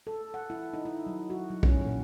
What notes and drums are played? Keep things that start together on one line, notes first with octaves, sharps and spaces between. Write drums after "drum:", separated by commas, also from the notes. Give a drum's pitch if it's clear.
A4
F#5
E4
D#4
E4
F#3
F#4
F#3
C#4, drum: kick
A#2